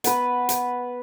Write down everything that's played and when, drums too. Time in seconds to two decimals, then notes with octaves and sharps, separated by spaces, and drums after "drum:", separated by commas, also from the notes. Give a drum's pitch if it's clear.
0.04 B3 B4, drum: hi-hat
0.49 drum: hi-hat